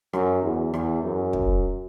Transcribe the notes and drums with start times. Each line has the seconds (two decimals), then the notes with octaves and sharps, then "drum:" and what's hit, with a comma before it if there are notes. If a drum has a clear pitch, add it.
0.13 F#2, drum: rim click
0.43 E2
0.74 E2, drum: rim click
1.03 F#2
1.33 drum: kick